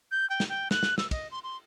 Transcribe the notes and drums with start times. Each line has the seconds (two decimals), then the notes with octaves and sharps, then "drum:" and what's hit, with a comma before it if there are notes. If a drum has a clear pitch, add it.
0.11 G6
0.30 G5
0.40 drum: snare
0.49 G5
0.71 F#6, drum: snare
0.83 drum: snare
0.98 E6, drum: snare
1.11 D#5, drum: kick, cymbal
1.31 C6
1.43 C6